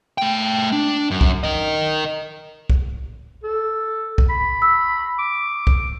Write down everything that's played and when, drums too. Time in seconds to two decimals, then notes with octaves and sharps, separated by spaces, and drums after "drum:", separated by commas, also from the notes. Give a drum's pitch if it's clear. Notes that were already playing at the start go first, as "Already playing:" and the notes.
0.18 A3 G5
0.72 D4
1.11 F#2
1.21 drum: kick
1.43 A#4 D#5
2.70 drum: kick
3.44 A4
4.18 drum: kick
4.29 B5
4.62 E6
5.19 D6
5.67 drum: kick